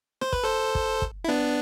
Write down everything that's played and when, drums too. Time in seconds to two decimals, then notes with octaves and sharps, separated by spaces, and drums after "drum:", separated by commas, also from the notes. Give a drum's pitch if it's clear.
0.21 C5, drum: rim click
0.33 B4, drum: kick
0.44 A4 C5
0.75 drum: kick
1.02 drum: kick
1.24 E4
1.28 B3 D4